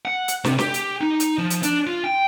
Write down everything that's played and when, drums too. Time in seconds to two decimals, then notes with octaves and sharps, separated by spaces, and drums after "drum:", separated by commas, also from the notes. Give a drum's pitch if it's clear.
0.05 F#5
0.28 drum: hi-hat
0.44 C3, drum: snare
0.59 G4, drum: snare
0.74 drum: hi-hat
1.01 D#4
1.20 drum: hi-hat
1.38 F3
1.50 drum: hi-hat
1.63 D4, drum: hi-hat
1.87 F4
2.04 G5